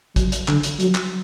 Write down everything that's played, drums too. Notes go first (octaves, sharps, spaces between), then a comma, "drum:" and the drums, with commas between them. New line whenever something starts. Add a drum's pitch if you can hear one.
F#3, drum: kick, hi-hat
drum: hi-hat
D3, drum: clap
drum: hi-hat
F#3, drum: hi-hat
drum: clap